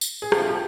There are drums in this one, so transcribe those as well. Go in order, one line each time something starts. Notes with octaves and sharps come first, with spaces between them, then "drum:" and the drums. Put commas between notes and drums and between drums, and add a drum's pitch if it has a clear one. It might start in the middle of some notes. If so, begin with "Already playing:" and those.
drum: tambourine
G#4
D2 C3 F3 G4, drum: rim click
G4